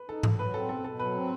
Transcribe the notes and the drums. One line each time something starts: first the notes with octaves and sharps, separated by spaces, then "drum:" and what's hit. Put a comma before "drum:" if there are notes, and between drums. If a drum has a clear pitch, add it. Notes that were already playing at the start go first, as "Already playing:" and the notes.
Already playing: B4
D#4 A4
A2, drum: tom G#2
F#3 B4
C4 A4
B2 A4
B2 A4
F#3 B4
C4